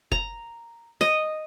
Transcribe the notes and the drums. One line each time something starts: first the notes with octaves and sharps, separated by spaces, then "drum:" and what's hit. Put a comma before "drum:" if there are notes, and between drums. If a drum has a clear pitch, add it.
A#5, drum: kick F#1
D#5, drum: snare